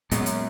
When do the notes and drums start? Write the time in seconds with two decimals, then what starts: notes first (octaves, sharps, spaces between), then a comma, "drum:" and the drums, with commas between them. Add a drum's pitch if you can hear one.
0.11 F#2 A#2 G#3 B3, drum: hi-hat
0.26 drum: hi-hat